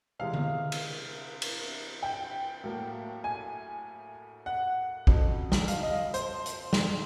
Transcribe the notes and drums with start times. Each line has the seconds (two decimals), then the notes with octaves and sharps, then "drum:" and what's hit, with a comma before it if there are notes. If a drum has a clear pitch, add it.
0.19 C3 E3 G#3 F5
0.33 drum: tom D3
0.72 drum: cymbal
1.42 drum: cymbal
2.03 G5
2.64 A2 F#3 A#3
3.24 G#5
4.46 F#5
5.07 F2 C#3 F#3, drum: kick
5.52 drum: snare
5.68 F5, drum: hi-hat
5.83 D#5
6.14 C5, drum: hi-hat
6.46 drum: hi-hat
6.73 drum: snare